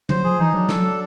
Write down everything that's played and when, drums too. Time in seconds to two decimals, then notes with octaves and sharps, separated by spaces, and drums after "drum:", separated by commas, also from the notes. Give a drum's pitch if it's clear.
0.09 F#3 C5, drum: tom
0.24 F3 G#4
0.39 E3 D#4
0.54 F#3 D4
0.69 A4, drum: snare
0.76 F#3
0.84 D4